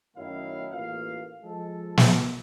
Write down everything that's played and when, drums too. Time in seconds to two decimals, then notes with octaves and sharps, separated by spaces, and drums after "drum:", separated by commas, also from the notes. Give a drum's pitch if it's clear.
0.17 F#2 A2 D#3 F#3 E4 F5
0.72 A1 A#3 F4 B4 F5
1.44 F3 G#3 A4
1.97 drum: snare